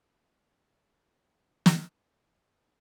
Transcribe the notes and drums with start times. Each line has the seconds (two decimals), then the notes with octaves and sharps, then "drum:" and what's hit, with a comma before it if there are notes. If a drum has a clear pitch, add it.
1.66 drum: snare
1.91 D4 F4 A4 E5